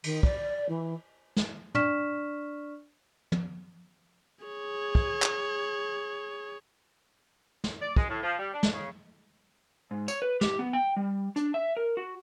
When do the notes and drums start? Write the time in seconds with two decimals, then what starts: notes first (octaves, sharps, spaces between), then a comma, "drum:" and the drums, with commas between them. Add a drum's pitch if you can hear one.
0.04 D#3, drum: cymbal
0.23 D5, drum: kick
0.68 E3
1.36 drum: snare
1.75 D4 D5 C#6 F6 B6 E7, drum: tom
3.32 drum: tom
4.45 G#4 C#5
4.95 drum: kick
5.22 drum: clap
7.64 drum: snare
7.81 D5
7.96 G#3, drum: kick
8.09 A2
8.23 F3
8.39 G3
8.54 D4
8.63 drum: snare
8.73 C#3
9.91 G#2
10.08 C#5, drum: tambourine
10.22 B4
10.41 G4, drum: snare
10.59 B3
10.73 G5
10.97 G3
11.36 D4, drum: hi-hat
11.54 E5
11.77 A#4
11.97 F#4